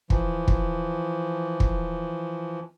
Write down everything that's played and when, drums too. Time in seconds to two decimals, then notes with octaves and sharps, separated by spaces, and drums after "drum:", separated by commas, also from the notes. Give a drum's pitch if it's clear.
0.10 E3 F3, drum: kick
0.48 drum: kick
1.60 drum: kick